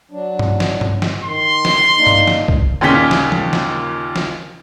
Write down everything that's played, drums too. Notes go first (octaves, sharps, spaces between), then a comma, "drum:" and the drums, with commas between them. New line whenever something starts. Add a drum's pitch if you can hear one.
F#3 D4
drum: tom G2
drum: snare
drum: tom G2
drum: snare
D#3 C6
drum: snare
A#3 D4 D#4
drum: tom G2
drum: snare
drum: kick
D#2 A#2 C#3 C#4 B6 G7
drum: snare
drum: tom E3
drum: snare
drum: snare